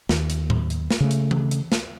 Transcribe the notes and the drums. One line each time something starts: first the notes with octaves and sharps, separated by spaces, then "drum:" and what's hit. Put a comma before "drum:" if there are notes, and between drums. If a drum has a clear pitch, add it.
D#2, drum: snare
drum: hi-hat
drum: tom A2
drum: hi-hat
drum: snare
C#3 A3
drum: hi-hat
drum: tom E3
drum: hi-hat
drum: snare